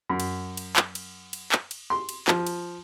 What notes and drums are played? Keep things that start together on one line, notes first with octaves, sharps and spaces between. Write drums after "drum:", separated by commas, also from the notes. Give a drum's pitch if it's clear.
F#2
drum: cymbal
drum: cymbal
drum: clap
drum: cymbal
drum: cymbal
drum: clap
drum: cymbal
C6
drum: cymbal
F3, drum: clap
drum: cymbal